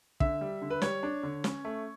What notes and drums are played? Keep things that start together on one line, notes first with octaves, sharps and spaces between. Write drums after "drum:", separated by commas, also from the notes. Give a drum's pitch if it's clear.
D3 E5, drum: kick
G3
D3
B4
G3 C#5, drum: snare
D4
D3
C#4, drum: snare
A3